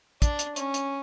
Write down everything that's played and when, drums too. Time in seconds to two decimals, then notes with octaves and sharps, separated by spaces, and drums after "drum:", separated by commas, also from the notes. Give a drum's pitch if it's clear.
0.22 D4, drum: kick, hi-hat
0.39 drum: hi-hat
0.56 C#4, drum: hi-hat
0.74 drum: hi-hat